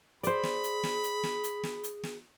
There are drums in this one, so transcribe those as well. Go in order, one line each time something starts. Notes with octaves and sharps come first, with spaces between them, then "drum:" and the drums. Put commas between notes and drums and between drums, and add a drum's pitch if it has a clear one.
G#4 C5 D5 B5, drum: hi-hat
drum: snare
drum: hi-hat
drum: snare
drum: hi-hat
drum: snare
drum: hi-hat
drum: snare
drum: hi-hat
drum: snare